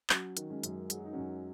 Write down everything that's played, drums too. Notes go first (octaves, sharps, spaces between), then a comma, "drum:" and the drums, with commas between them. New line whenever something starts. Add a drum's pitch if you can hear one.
F#3 C#4 F#4, drum: clap
D#3, drum: hi-hat
G#3 C#4
F#2, drum: hi-hat
F#3 G#4, drum: hi-hat
F#4
D#4
F#2 C#4 F#4